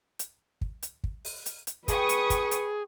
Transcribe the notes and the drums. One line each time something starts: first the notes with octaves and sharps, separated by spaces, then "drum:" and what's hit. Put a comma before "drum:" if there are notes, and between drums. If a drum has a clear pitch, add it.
drum: hi-hat
drum: kick
drum: hi-hat
drum: kick
drum: open hi-hat
drum: hi-hat
drum: hi-hat
G#4 B4 G5 C#6 D#6, drum: kick, hi-hat
drum: hi-hat
drum: kick, hi-hat
drum: hi-hat